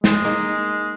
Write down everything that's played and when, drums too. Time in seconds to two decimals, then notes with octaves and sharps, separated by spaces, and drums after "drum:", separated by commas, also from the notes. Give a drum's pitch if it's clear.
0.04 G#3, drum: snare
0.24 A#3 D#4 G#4